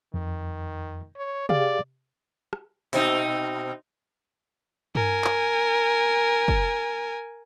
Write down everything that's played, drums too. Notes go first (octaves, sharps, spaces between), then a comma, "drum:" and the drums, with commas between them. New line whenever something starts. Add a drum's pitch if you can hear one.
F2 D#3
C#5
G4 G#4 D5 F5, drum: tom C3
drum: rim click
B2 C4 D#4, drum: open hi-hat
A#4 G#5, drum: tom G2
drum: clap
drum: kick